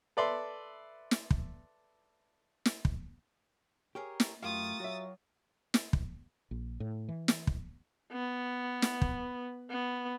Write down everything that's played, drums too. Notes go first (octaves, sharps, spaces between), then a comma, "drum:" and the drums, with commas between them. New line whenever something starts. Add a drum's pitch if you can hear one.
A4 B4 D5 E5 C6
drum: snare
drum: kick
drum: snare
drum: kick
G4 G#4 A#4 C#5
drum: snare
F#2 A3 F4 G4 A#4 F5 D#6 A6
F#3 F#4 E5
drum: snare
drum: kick
A#1
A2
E3
drum: snare
drum: kick
B3
drum: snare
drum: kick
B3